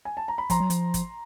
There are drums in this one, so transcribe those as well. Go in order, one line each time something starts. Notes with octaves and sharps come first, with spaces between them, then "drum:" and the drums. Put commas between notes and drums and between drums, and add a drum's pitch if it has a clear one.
G#5
A5
A#5
B5
F3 A#5 C6, drum: kick, hi-hat
F#3
F3, drum: hi-hat
drum: kick, hi-hat